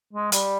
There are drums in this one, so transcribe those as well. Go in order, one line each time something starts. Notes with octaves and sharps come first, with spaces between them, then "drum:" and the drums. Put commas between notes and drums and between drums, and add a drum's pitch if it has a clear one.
G#3
G3, drum: hi-hat